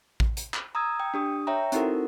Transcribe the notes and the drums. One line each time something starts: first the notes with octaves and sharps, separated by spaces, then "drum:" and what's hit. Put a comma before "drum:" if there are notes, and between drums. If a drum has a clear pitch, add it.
drum: kick A1
drum: hi-hat
drum: clap
A#5 D#6 E6 G#6
G5
D4 G4 D#6
C#5 E5 G5 A#5
C4 D#4 E4 F#4 A4 A#4, drum: hi-hat